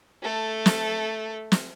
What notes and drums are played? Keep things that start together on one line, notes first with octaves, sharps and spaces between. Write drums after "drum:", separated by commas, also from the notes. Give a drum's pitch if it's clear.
A3 A4
drum: snare
drum: snare